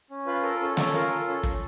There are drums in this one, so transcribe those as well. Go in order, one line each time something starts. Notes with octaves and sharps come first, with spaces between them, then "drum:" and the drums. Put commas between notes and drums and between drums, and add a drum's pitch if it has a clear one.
C#4
F4 B4
A4 A#4
C#4 A4
C#4 A4, drum: snare
F4 A#4
A4
C#4 A4
C#4, drum: kick